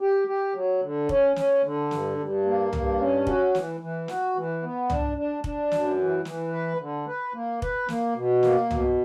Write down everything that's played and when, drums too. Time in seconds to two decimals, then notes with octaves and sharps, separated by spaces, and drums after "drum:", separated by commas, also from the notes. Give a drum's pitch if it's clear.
0.01 G4
0.28 G4
0.55 F#3
0.83 D3
1.09 C#4, drum: kick
1.36 C#4, drum: snare
1.64 D3
1.91 G2, drum: snare
2.18 G2
2.45 A#3
2.73 G2, drum: tom C2
2.99 C#4
3.27 F#4, drum: kick
3.55 E3, drum: snare
3.81 E3
4.08 F#4, drum: snare
4.36 E3
4.63 B3
4.90 D4, drum: tom C2
5.17 D4
5.44 D4, drum: kick
5.71 F#2, drum: snare
5.98 E3
6.25 E3, drum: snare
6.52 B4
6.80 D3
7.07 B4
7.34 A#3
7.62 B4, drum: kick
7.89 A#3, drum: snare
8.16 B2
8.43 A#3, drum: snare
8.71 B2, drum: tom C2